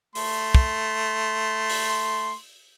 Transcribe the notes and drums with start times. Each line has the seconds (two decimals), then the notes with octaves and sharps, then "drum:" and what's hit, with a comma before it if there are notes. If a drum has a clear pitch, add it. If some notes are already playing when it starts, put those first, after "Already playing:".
0.15 A3 C6, drum: open hi-hat
0.55 drum: kick
1.69 drum: open hi-hat